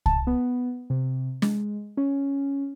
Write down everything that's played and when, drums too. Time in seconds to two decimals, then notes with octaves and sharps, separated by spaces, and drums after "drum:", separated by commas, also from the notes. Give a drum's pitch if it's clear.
0.06 A5, drum: kick C2
0.27 B3
0.90 C3
1.42 G#3, drum: snare
1.97 C#4